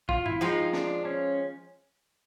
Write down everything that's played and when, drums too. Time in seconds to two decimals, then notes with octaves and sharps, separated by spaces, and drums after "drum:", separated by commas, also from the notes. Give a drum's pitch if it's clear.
0.09 F4, drum: kick
0.26 E4, drum: tom G2
0.41 F3 G#3 C4 D#4 F4
0.73 D4, drum: snare
1.05 C#4